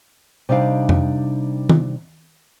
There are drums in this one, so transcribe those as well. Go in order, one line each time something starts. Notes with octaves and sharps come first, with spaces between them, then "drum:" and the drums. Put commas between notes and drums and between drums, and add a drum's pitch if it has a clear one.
C3 G3 D4 D#4 F5
drum: tom F2
drum: tom D#3